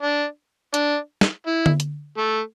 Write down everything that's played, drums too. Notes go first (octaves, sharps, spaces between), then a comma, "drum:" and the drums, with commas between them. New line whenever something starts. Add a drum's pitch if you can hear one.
D4
D4, drum: hi-hat
drum: snare
E4
drum: tom D3
drum: hi-hat
A3